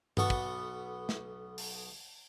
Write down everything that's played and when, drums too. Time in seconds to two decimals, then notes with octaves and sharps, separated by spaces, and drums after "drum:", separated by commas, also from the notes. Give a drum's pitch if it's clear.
0.17 B1 B3 A4 C#6, drum: tom G2
0.30 drum: kick
1.09 drum: snare
1.58 drum: open hi-hat